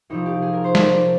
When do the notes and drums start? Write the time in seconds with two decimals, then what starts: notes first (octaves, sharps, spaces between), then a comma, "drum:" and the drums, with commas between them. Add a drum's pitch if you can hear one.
0.10 C2 C3 F3 D#4
0.26 G4
0.42 G#4
0.53 A#4
0.64 C5
0.75 D5, drum: snare